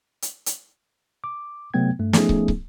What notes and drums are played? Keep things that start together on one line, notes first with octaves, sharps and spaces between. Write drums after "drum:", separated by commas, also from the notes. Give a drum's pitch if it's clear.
drum: hi-hat
drum: hi-hat
D6
C3 F#3 A3 B3 G5 G#6
G2 A3
F3 A3 B3 C#4 D#4 G#4, drum: snare
drum: kick
drum: kick